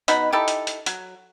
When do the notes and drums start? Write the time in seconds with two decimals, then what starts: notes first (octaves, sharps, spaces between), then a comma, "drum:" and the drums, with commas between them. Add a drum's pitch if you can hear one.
0.08 B2 D#4 F#5 B5, drum: hi-hat
0.32 D#4 E4 G4 A4
0.48 drum: hi-hat
0.67 drum: hi-hat
0.86 F#3, drum: hi-hat